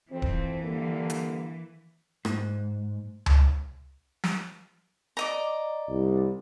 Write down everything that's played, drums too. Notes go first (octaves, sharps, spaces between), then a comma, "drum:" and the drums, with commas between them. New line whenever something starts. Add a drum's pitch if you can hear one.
F2 E3 C4
drum: kick D1
G2 D3 A#3
drum: hi-hat
G#2, drum: rim click
drum: tom C#2
drum: snare
D5 D#5 A#5
C2